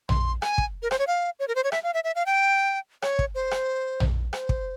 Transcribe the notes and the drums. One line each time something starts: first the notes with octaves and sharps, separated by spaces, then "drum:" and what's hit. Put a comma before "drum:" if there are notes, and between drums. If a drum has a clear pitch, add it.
C6, drum: tom A#1
G#5, drum: rim click
drum: kick
A#4
C5, drum: rim click
C#5
F5
C#5
A#4
C5
C#5
E5, drum: rim click
F5
E5
E5
F5
G5
C#5, drum: rim click
drum: kick
C5
drum: rim click
drum: tom A#1
C5, drum: rim click
drum: kick